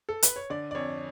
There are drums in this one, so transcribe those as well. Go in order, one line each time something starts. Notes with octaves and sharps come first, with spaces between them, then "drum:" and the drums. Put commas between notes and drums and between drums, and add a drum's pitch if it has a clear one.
A4
B4, drum: hi-hat
C#5
D3 D5
D5
F2 C#5